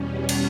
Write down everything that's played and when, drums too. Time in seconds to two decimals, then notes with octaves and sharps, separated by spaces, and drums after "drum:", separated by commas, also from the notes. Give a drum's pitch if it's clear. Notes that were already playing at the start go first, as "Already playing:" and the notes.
Already playing: E2 B2 G3 C#4
0.29 drum: cymbal